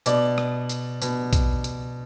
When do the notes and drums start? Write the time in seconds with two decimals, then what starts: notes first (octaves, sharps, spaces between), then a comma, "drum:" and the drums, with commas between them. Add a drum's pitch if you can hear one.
0.06 B2 D5, drum: tambourine
0.38 drum: rim click
0.69 drum: tambourine
1.02 B2, drum: tambourine
1.33 drum: kick A#1, tambourine
1.64 drum: tambourine